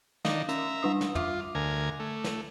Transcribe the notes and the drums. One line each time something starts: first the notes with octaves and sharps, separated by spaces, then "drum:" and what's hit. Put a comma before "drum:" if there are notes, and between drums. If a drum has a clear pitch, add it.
D#3 D4 D#4 F5, drum: snare
C#4 E5 A#5, drum: hi-hat
G3 D4 D#6
drum: snare
F4 E5 D6, drum: tom
D2 A#4 G#5
A3
drum: snare